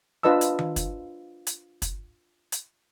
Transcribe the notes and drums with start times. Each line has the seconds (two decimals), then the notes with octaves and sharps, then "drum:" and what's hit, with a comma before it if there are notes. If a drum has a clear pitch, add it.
0.23 D4 F4 B4 D#5 A5 E6
0.41 drum: hi-hat
0.59 drum: tom D#3
0.76 drum: kick, hi-hat
1.47 drum: hi-hat
1.82 drum: kick, hi-hat
2.52 drum: hi-hat